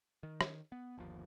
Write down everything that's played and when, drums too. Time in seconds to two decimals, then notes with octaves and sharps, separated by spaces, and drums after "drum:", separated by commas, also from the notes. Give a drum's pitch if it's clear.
0.23 D#3
0.41 drum: rim click
0.72 B3
0.98 G1 D#2 F3